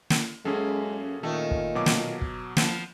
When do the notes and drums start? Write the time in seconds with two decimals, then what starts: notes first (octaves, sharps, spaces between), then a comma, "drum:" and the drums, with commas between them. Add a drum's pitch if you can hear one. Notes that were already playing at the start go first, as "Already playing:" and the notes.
0.10 drum: snare
0.45 F#2 G#3 A#3 C#4 G#4 A4
1.23 A#2 D#3 A3
1.51 drum: kick
1.75 B2 F#3 D6
1.86 drum: snare
2.21 drum: kick
2.57 F3 B3, drum: snare